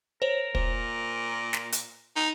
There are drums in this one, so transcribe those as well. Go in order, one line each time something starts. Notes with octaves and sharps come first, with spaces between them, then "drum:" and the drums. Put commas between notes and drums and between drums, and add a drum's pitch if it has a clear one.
A#4 C5 C#5
A#2 C5, drum: kick
drum: snare
drum: hi-hat
D#4